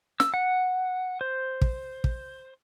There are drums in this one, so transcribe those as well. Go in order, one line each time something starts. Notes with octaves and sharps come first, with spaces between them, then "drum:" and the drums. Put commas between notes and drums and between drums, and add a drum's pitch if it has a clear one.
E6, drum: snare
F#5
C5
drum: kick
drum: kick